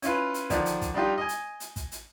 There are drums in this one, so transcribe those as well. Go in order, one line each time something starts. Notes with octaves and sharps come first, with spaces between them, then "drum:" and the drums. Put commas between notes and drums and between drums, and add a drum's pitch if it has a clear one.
C#4 E4 F4 B4, drum: hi-hat
drum: hi-hat
D3 D#3 F3 D4, drum: kick, hi-hat
drum: hi-hat
drum: kick, hi-hat
G3 D4 D#4 F4 G4
D#5 G#5
drum: hi-hat
drum: hi-hat
drum: kick, hi-hat
drum: hi-hat